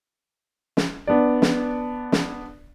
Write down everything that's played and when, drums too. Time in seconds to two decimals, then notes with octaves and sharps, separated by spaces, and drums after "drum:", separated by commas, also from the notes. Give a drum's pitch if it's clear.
0.77 drum: snare
1.07 B3 D4 D5
1.42 drum: snare
2.12 drum: snare